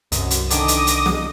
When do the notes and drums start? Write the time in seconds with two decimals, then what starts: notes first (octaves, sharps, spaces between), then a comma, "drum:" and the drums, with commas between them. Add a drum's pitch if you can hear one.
0.12 C2 F#2 D#5, drum: hi-hat
0.31 drum: hi-hat
0.50 D3 D#3 C#4 D#5 D6 D#6, drum: hi-hat
0.68 drum: hi-hat
0.87 drum: hi-hat
1.06 drum: snare